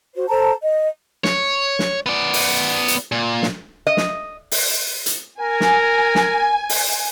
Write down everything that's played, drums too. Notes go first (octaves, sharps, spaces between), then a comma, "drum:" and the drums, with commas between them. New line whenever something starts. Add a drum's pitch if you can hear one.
F#4 C5
A4 C5 A5 A#5
D#5
C#5, drum: snare
drum: snare
B3 D5
drum: open hi-hat
drum: hi-hat
A#2
drum: snare
D#5
drum: snare
drum: open hi-hat
drum: hi-hat
A#4 G#5
drum: snare
drum: snare
drum: open hi-hat